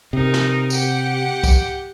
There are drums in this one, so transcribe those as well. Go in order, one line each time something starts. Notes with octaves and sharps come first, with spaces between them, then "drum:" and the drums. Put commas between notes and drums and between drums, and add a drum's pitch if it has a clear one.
C3 D#4 A#4
drum: snare
G4 F#5 G5, drum: tambourine
drum: kick, tambourine